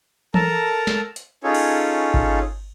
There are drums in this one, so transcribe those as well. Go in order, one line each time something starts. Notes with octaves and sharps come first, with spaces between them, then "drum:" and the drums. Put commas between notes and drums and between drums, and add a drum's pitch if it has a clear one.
A4 A#4 A5 A#5, drum: tom E3
drum: snare
drum: hi-hat
C#4 D#4 F4 G#4 A4 C#5
drum: cymbal
drum: kick G#1